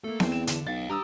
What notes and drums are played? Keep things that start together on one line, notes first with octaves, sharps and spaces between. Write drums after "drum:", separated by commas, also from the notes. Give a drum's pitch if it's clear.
A3 A#3 A4
E2 C4, drum: snare B3
E7
D3, drum: hi-hat
B1 D#5 F5 A6
G2 G4 A#5 D#6 E6